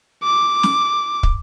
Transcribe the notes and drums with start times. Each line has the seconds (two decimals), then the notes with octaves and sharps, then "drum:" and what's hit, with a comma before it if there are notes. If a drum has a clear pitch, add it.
0.23 D6
0.63 drum: snare
1.23 drum: kick